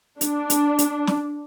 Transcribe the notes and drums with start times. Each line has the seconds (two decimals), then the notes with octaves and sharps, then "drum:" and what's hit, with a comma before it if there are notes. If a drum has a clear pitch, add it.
0.21 D4, drum: hi-hat
0.50 drum: hi-hat
0.79 drum: hi-hat
1.07 drum: snare